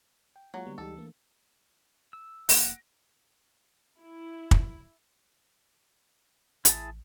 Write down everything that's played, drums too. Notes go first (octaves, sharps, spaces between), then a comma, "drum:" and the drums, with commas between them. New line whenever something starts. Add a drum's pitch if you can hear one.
G5
F#3 G#3 A#3 F4 C#6
D3 G3 B3
D2 E3 G3 G#3 D#4 G4 A4
E3 A3 A#3 D4
E6
F1 A#3 F#5 A#6 D7, drum: open hi-hat
E4
drum: kick
A1 E4 G#4 A5, drum: hi-hat